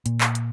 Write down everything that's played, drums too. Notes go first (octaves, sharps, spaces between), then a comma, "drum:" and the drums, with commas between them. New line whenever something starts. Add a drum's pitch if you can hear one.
A#2, drum: hi-hat
drum: clap
drum: hi-hat